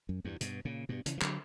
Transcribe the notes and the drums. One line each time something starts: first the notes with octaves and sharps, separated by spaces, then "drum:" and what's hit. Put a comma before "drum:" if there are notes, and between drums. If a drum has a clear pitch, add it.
F#2
E2 G2
G2 B2, drum: hi-hat
A#2 C#3
G2 B2
C#3 E3, drum: hi-hat
E3
D3 F#3, drum: clap